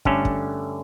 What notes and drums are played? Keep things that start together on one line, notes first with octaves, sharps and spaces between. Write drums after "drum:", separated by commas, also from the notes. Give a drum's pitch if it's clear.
G2 D3 A3 C#4, drum: kick
drum: kick